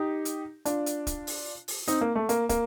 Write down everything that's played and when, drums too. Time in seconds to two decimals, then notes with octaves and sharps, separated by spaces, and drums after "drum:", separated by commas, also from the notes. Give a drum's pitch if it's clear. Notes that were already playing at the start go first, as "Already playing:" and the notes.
Already playing: D#4 G4
0.25 drum: hi-hat
0.65 D4 F4, drum: hi-hat
0.86 drum: hi-hat
1.07 drum: kick, hi-hat
1.27 drum: open hi-hat
1.68 drum: open hi-hat
1.88 C4 D#4, drum: hi-hat
2.01 A#3
2.15 A3
2.29 A#3, drum: hi-hat
2.49 A#3, drum: kick, hi-hat